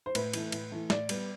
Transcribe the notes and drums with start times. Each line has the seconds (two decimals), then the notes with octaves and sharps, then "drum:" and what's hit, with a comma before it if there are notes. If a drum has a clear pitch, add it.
0.06 C5
0.15 A2 B4, drum: cymbal
0.33 E3 A3, drum: cymbal
0.52 A2, drum: cymbal
0.72 E3 A3
0.90 A2 D5, drum: snare
1.09 G3 B3, drum: cymbal